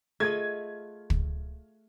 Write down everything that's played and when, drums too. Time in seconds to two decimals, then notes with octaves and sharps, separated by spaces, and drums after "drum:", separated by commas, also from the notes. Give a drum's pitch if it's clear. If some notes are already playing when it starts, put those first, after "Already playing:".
0.20 A3 F4 G#4 D#5 G#6
1.10 drum: kick